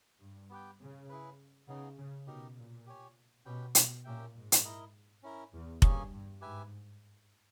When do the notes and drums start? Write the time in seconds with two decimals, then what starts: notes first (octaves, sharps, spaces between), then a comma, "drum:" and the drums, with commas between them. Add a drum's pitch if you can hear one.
0.20 G2
0.50 B3 G4 B4 G5
0.80 C#3
1.09 E4 G#4 B4
1.68 C#3 B3 D#4 G#4
1.97 C#3
2.27 B2 D#4 G4 A#4
2.57 A#2
2.86 G4 C#5 G#5
3.45 B2 C#4 G4 B4 G5
3.75 B2, drum: hi-hat
4.04 A#2 C#4 G4 A#4 E5 G5
4.35 G#2
4.52 drum: hi-hat
4.64 E4 A#4 D#5
5.23 C#4 E4 A#4
5.53 E2
5.82 G2 A#3 C#4 G#4 C#5 G#5, drum: kick F1
6.12 G2
6.41 G#2 G4 B4 E5 G#5